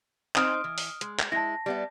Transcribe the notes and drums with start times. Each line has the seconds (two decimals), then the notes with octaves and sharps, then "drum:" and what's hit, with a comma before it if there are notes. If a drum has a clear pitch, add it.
0.36 C4 D#4 C5 D#6 F6 D7, drum: clap
0.64 E3
0.78 drum: open hi-hat
1.01 G#3, drum: hi-hat
1.19 drum: clap
1.32 G#3 E4 A5 A#6
1.66 G3 B3 E5